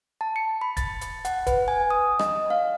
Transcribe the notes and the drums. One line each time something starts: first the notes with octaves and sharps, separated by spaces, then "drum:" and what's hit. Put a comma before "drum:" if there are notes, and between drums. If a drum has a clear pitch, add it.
A5
C#7
B5
A6, drum: kick, hi-hat
drum: hi-hat
F#5, drum: hi-hat
B4, drum: kick, hi-hat
G#5
D#6
D#5, drum: rim click
F5